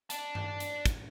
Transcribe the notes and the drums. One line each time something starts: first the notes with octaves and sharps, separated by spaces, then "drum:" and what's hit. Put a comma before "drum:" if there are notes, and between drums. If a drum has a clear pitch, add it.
D5 A5, drum: hi-hat
drum: tom G2
drum: hi-hat
drum: kick, hi-hat